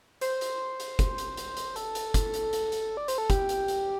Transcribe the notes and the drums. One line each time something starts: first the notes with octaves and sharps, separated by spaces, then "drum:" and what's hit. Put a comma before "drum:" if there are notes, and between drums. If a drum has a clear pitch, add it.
C5, drum: hi-hat
drum: hi-hat
drum: hi-hat
drum: kick, hi-hat
drum: hi-hat
drum: hi-hat
drum: hi-hat
A4, drum: hi-hat
drum: hi-hat
drum: kick, hi-hat
drum: hi-hat
drum: hi-hat
drum: hi-hat
D5
C5, drum: hi-hat
A4
G4, drum: kick, hi-hat
drum: hi-hat
drum: hi-hat